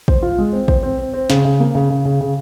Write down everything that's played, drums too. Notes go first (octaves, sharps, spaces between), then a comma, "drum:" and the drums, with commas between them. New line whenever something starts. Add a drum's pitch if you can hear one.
C5, drum: kick
F4
G#3
C4
C5, drum: kick
C4
C4
C4
C#3, drum: snare
C#3
A#3
C#3
C#3
C#3
C#3